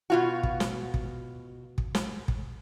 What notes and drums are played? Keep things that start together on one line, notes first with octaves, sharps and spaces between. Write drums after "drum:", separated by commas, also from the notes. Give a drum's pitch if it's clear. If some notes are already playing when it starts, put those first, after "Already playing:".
B2 F4 F#4
drum: kick
drum: snare
drum: kick
drum: kick
drum: snare
drum: kick